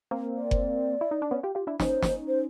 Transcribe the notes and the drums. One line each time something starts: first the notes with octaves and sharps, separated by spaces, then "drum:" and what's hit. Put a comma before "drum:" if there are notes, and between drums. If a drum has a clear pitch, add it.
A#3 C4
D5
drum: kick F#1
E4
D#4
D4
B3 C#4
F4 G4
F4 G4
D4 E4
C#4 D#4 C5, drum: snare
drum: snare
C5